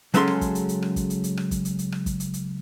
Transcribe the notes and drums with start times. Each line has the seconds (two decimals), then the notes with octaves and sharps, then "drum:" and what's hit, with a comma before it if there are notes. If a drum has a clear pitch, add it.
0.14 C#3 F#3 G#3 C#4 A4 C6, drum: hi-hat
0.28 drum: rim click
0.41 drum: kick, hi-hat
0.55 drum: hi-hat
0.69 drum: hi-hat
0.82 drum: rim click
0.96 drum: kick, hi-hat
1.10 drum: hi-hat
1.24 drum: hi-hat
1.37 drum: rim click
1.51 drum: kick, hi-hat
1.65 drum: hi-hat
1.79 drum: hi-hat
1.92 drum: rim click
2.06 drum: kick, hi-hat
2.20 drum: hi-hat
2.34 drum: hi-hat